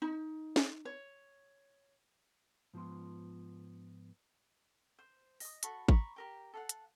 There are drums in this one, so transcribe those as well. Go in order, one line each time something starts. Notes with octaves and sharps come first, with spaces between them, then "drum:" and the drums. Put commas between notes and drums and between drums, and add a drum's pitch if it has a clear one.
D#4
drum: snare
C#5
G#2 F3 B3 F4 C6
C5
D#5 D#6, drum: open hi-hat
F#4 A4 B5 C#6, drum: hi-hat
A#5 B5 C#6 D6, drum: kick G#1
G4 A#4 G5
A4 F5 F#5
drum: hi-hat